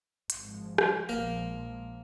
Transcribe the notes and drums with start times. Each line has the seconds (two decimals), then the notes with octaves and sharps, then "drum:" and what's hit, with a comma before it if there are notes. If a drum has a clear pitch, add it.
0.30 G#1 G#2 F3 G#3, drum: hi-hat
0.78 drum: rim click
1.08 A#1 A#2 F3 G#3 A#3 A#4